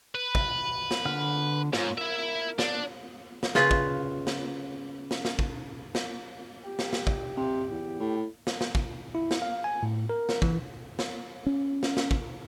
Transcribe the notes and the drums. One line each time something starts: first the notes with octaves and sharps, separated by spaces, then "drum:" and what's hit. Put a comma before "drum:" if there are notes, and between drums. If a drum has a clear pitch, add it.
B4
drum: kick
drum: snare
D3 F#5 F6
G#2 F4 C#5, drum: snare
E4 A#4 E5
D4, drum: snare
drum: snare
C#3 F4 B4, drum: snare
drum: kick
drum: snare
drum: snare
drum: snare
drum: kick
drum: snare
G4
drum: snare
drum: snare
drum: kick
C3
E2
A2
drum: snare
drum: snare
drum: kick
E4
drum: snare
F5
G#5
A2
A#4
drum: snare
E3, drum: kick
drum: snare
C#4
drum: snare
drum: snare
drum: kick